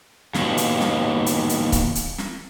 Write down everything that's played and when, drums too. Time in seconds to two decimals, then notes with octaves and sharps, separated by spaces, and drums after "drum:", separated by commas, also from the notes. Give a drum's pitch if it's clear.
0.34 D#2 B2, drum: snare
0.57 drum: hi-hat
0.80 drum: snare
1.26 drum: hi-hat
1.49 drum: hi-hat
1.72 drum: kick C#1, hi-hat
1.95 drum: hi-hat
2.18 drum: snare